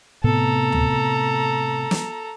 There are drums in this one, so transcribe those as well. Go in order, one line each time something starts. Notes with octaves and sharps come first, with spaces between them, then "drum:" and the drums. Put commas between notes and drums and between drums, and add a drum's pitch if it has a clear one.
A2 C3 B3 A4 A#5
drum: tom
drum: snare